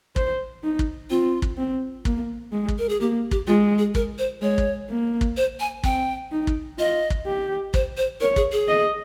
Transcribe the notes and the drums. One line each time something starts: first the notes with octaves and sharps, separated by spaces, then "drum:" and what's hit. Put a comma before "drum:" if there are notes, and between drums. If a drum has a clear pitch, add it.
C5, drum: kick
D#4
drum: kick
C4 F4
drum: kick
C4
A#3, drum: kick
G#3
drum: kick
A#4
G#4
A#3 G4
G4, drum: kick
G#3 F4
G#4
A#4, drum: kick
C5
G#3 C#5
drum: kick
A#3
drum: kick
C5
G#5
C4 G5, drum: kick
D#4
drum: kick
F4 D#5
drum: kick
G4
C5, drum: kick
C5
A#4 C#5
G#4, drum: kick
G#4
D#5